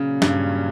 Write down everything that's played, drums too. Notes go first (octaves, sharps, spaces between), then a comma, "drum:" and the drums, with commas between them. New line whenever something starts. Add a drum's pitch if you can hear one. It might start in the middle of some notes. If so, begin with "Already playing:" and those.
Already playing: A#2 C#3 F#3 C#4
G2, drum: snare